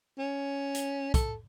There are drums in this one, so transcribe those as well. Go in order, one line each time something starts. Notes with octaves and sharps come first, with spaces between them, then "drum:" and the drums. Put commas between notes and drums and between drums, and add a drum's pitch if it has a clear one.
C#4
drum: hi-hat
A4, drum: kick, hi-hat